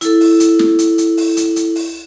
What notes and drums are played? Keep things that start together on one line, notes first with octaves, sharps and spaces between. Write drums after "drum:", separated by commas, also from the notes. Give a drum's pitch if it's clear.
E4 A4, drum: hi-hat
drum: open hi-hat
drum: hi-hat
drum: snare
drum: hi-hat
drum: hi-hat
drum: open hi-hat
drum: hi-hat
drum: hi-hat
drum: open hi-hat